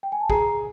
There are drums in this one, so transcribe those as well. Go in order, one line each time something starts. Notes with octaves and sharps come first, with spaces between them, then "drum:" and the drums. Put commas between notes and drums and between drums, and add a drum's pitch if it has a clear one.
G5
G#5
A5
G#4 A#5, drum: kick